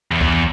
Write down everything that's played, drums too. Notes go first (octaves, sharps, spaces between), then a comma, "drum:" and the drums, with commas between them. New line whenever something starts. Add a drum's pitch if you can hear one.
E2
drum: kick C#2